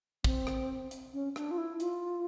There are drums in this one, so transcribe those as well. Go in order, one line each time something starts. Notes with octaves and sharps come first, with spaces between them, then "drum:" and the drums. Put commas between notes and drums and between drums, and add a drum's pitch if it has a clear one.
C4, drum: kick
drum: rim click
drum: hi-hat
C#4
D4, drum: rim click
F4
E4
F4, drum: hi-hat